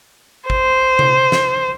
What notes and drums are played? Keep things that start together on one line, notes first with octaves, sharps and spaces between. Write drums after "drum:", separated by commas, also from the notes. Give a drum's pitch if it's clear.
C5, drum: kick G#1
drum: tom C3
drum: snare